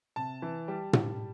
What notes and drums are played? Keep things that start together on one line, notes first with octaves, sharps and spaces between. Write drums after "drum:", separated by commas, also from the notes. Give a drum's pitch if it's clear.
C3 A5
E3
G3
G3, drum: tom